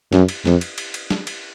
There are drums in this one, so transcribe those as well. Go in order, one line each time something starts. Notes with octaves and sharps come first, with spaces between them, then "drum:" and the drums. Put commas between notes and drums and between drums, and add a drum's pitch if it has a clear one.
F#2, drum: snare
drum: cymbal
F2, drum: snare
drum: cymbal
drum: cymbal
drum: cymbal
drum: snare
drum: cymbal